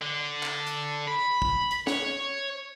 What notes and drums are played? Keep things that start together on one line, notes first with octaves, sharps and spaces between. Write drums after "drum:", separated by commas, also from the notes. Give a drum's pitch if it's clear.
D3
drum: clap
drum: hi-hat
B5
drum: kick
drum: hi-hat
C#5, drum: snare